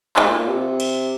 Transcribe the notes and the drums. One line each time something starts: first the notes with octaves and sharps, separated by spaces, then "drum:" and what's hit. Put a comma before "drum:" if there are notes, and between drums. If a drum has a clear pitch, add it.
G#2, drum: clap
A#2
A#2
C3
drum: cymbal